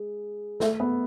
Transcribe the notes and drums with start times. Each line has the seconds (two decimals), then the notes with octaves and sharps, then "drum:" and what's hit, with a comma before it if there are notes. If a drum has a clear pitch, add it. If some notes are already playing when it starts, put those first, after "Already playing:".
Already playing: G#3
0.60 A3, drum: snare
0.80 B3